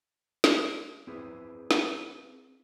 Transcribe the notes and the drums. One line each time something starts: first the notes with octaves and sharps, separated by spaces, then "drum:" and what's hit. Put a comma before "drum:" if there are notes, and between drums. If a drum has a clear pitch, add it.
drum: snare
C4 E4 G#4 B4
drum: snare